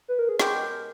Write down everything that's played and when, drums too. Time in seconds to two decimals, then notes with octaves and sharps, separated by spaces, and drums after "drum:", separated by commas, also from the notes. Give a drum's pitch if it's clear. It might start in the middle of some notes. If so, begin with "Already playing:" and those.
0.08 B4
0.19 A#4
0.29 G#4
0.40 B2 G#3 C#4 G4 G#4, drum: snare
0.55 A#4
0.70 A#4